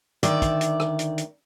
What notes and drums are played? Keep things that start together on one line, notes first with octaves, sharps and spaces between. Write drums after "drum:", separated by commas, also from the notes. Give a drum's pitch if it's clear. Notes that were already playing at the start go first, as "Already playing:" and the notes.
D2 D#3 D5 E5, drum: hi-hat
drum: kick, hi-hat
drum: hi-hat
drum: rim click
drum: hi-hat
drum: hi-hat